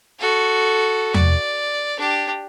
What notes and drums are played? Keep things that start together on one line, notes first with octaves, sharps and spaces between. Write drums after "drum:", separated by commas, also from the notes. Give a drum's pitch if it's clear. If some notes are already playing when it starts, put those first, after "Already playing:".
F#4 A4
D5, drum: tom E2
D4 G4